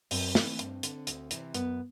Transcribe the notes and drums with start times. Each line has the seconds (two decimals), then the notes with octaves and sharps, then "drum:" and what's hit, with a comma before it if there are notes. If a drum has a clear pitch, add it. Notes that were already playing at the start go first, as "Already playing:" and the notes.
0.11 F#2 C4, drum: open hi-hat
0.35 E3, drum: snare
0.59 G2, drum: hi-hat
0.83 D3, drum: hi-hat
1.07 D2, drum: hi-hat
1.31 C3 E3, drum: hi-hat
1.54 F#2 B3, drum: hi-hat